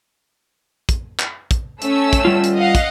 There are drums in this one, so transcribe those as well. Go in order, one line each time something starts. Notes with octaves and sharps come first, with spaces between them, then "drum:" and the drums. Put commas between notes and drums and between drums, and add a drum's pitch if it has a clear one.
drum: kick, hi-hat
drum: clap
drum: kick, hi-hat
A3 C#4 E6, drum: hi-hat
drum: kick, hi-hat
G3 F4
drum: hi-hat
D#5 F5 F#5
drum: kick, hi-hat